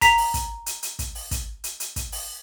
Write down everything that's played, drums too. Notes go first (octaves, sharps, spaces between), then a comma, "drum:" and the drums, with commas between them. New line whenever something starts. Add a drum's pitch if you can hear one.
A#5 B6 F7, drum: kick, hi-hat
drum: open hi-hat
drum: kick, hi-hat
drum: hi-hat
drum: hi-hat
drum: kick, hi-hat
drum: open hi-hat
drum: kick, hi-hat
drum: hi-hat
drum: hi-hat
drum: kick, hi-hat
drum: open hi-hat